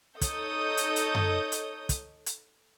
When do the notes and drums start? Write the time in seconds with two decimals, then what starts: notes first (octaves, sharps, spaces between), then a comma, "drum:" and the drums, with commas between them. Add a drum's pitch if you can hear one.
0.21 D#4 A4 C#5 D#6 G6, drum: kick, hi-hat
0.77 drum: hi-hat
0.96 drum: hi-hat
1.15 drum: tom F#2
1.52 drum: hi-hat
1.89 drum: kick, hi-hat
2.26 drum: hi-hat